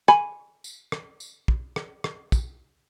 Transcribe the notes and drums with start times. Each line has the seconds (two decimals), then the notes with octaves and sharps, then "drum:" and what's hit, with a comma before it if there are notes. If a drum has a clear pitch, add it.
0.08 G#5 B5, drum: rim click
0.64 drum: tambourine
0.92 drum: rim click
1.20 drum: tambourine
1.48 drum: kick
1.76 drum: rim click
2.04 drum: rim click
2.32 drum: kick, tambourine